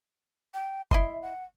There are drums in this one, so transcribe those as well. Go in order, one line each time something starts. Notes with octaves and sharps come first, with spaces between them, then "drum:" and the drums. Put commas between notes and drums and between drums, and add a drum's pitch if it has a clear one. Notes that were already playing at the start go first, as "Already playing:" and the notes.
G5
E4 D#5 E5 C6, drum: kick F#1
F#5